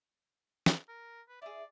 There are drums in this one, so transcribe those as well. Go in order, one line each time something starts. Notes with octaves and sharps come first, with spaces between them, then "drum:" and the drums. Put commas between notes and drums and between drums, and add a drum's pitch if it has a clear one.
drum: snare
A#4
B4
E4 G#4 D5